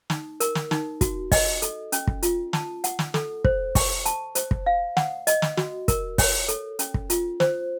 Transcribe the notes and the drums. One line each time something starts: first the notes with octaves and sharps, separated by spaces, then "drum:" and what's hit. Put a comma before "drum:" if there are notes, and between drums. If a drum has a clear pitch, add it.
D#4, drum: snare
A#4, drum: hi-hat
drum: snare
D#4, drum: snare
F#4, drum: kick, hi-hat
D#5, drum: kick, open hi-hat
A4, drum: hi-hat
C#4, drum: hi-hat
drum: kick
F4, drum: hi-hat
A5, drum: snare
F#5, drum: hi-hat
drum: snare
A4, drum: snare
C5, drum: kick
C#6, drum: kick, open hi-hat
A5, drum: hi-hat
C5, drum: hi-hat
drum: kick
F5
F#5, drum: snare
D#5, drum: hi-hat
drum: snare
F#4, drum: snare
A#4, drum: kick, hi-hat
C#5, drum: kick, open hi-hat
A4, drum: hi-hat
C#4, drum: hi-hat
drum: kick
F4, drum: hi-hat
C5, drum: snare